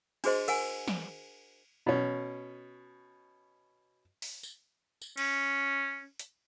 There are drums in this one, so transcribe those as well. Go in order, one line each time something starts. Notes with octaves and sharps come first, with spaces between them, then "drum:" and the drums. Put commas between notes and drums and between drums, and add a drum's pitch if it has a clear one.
D4 F#4 G#4 C5 D#5 C6, drum: cymbal
A#4 F#5 G#5, drum: cymbal
drum: snare
B2 C#4
drum: open hi-hat
drum: tambourine
drum: tambourine
C#4, drum: cymbal
drum: hi-hat